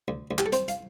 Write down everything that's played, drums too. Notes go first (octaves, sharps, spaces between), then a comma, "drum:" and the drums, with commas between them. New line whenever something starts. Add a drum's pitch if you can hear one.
D2
D2
G4, drum: clap
A4
C4 C5, drum: hi-hat
F5, drum: hi-hat